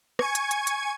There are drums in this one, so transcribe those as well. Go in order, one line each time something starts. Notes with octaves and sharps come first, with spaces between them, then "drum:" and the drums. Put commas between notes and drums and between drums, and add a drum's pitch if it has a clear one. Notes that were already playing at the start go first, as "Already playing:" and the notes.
G#5 C#6 G#6, drum: rim click
drum: hi-hat
drum: hi-hat
drum: hi-hat